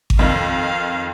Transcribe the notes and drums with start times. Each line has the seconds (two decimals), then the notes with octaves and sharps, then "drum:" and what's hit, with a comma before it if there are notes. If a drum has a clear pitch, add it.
0.10 drum: kick G#1
0.19 F2 D#3 F5